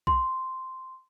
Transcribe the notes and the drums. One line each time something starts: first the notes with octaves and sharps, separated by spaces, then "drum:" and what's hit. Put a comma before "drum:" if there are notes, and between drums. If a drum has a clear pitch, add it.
C6, drum: kick B1